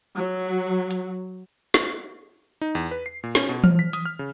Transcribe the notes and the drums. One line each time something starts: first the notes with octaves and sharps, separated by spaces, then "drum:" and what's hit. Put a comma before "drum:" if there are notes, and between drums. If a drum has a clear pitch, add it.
F#3
drum: hi-hat
drum: snare
D#4
E2
B4
C7
A#2
C#4, drum: snare
B2
F6, drum: tom E3
B6
D#6, drum: hi-hat
F6
C#3